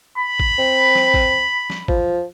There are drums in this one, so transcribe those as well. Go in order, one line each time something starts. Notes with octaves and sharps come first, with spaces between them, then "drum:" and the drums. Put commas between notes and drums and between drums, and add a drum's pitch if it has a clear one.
B5
drum: kick
C4
drum: snare
drum: kick
drum: snare
F3, drum: kick